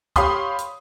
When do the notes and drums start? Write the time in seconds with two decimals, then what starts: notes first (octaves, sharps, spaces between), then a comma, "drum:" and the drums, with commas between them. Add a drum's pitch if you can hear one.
0.16 G4 C#5 F5 B5 C6 D#6, drum: kick, hi-hat
0.59 drum: hi-hat